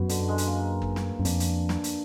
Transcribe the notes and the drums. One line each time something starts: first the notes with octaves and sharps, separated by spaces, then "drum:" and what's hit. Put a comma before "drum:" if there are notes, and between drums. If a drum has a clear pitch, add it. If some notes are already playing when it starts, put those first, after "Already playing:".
Already playing: F#2 B2
D3, drum: hi-hat
G#3
drum: hi-hat
A#3
drum: kick
drum: snare
F#2
F2 D4, drum: hi-hat
drum: hi-hat
drum: snare
drum: hi-hat